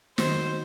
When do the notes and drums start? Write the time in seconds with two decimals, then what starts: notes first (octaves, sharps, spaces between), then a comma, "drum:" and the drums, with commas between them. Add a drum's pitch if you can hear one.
0.18 D#3 F#3 A#3 C5, drum: snare